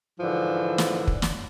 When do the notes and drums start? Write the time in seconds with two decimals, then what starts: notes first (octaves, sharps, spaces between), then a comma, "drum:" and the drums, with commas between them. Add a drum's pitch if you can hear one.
0.20 G#2 D3 E3 F3
0.78 drum: snare
1.08 drum: kick
1.22 drum: snare